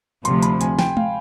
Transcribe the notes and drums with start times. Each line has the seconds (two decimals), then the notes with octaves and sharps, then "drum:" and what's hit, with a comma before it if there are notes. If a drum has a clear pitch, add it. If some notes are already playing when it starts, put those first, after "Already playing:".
0.25 D2 C3 F3 C6, drum: hi-hat
0.43 B5, drum: hi-hat
0.61 G#5, drum: hi-hat
0.79 G5, drum: snare
0.97 F5, drum: tom G#3